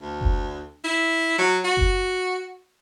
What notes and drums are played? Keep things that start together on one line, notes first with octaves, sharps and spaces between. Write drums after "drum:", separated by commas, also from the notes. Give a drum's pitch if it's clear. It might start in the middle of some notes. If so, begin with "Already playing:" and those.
D2
drum: kick F#1
E4
F#3
F#4
drum: kick F#1